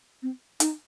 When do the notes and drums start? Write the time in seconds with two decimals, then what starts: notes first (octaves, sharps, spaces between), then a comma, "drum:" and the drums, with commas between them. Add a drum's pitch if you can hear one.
0.23 C4
0.60 D#4, drum: hi-hat